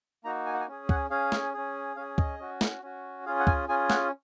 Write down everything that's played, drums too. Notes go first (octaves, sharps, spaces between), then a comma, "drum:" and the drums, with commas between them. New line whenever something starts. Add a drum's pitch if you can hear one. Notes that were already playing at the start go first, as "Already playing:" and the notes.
A#3 D#4 F#4 A#5
G#5
F#5
G#5
C#4 G#4
F#5, drum: kick C#2
C#4 G#4 F5
drum: snare
C#4 G#4
C#4 G#4 F5
D#5, drum: kick C#2
C#4 F#4
drum: snare
C#4 F#4
C#4 F4 G#4 F5
F#5
G#5, drum: kick C#2
C#4 F4 G#4 G#5
F#5, drum: snare